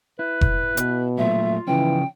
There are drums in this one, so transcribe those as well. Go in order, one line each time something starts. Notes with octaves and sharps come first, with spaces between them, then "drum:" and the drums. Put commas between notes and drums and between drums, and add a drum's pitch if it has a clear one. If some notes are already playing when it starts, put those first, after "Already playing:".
E4 B4
drum: kick F1
B2, drum: hi-hat
A#2 F#3 A3 F4 E5
C#3 E3 F3 C#4 G5